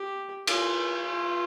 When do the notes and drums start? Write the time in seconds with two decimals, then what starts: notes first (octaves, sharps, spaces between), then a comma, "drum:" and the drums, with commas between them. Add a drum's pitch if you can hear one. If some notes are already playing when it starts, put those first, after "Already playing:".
Already playing: G4
0.47 F4, drum: cymbal
1.02 F4